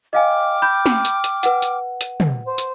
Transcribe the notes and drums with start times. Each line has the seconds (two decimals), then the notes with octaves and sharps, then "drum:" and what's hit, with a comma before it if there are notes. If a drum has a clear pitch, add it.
0.13 D#5 F5 G5 G#5 D6 F6
0.62 B5 G6
0.86 drum: snare
1.05 drum: hi-hat
1.24 drum: hi-hat
1.43 B4 F#5, drum: hi-hat
1.62 drum: hi-hat
2.01 drum: hi-hat
2.20 drum: tom
2.45 C5
2.58 drum: hi-hat